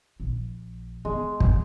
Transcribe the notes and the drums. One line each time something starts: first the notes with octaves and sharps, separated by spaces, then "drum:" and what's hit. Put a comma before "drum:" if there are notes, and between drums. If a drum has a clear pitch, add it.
A#1
G#3 B3
drum: kick